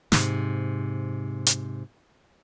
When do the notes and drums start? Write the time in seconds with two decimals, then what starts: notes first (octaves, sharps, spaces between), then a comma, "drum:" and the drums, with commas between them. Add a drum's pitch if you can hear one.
0.12 G#2 C3, drum: snare
1.46 drum: hi-hat